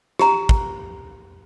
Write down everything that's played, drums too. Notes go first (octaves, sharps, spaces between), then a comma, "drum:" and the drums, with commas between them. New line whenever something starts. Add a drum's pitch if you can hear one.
G4 A#5, drum: rim click
drum: kick